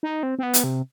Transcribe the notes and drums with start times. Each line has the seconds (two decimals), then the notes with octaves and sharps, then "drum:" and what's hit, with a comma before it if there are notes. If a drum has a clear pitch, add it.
0.03 D#4
0.23 C4
0.39 C4
0.43 B3
0.54 drum: hi-hat
0.64 C3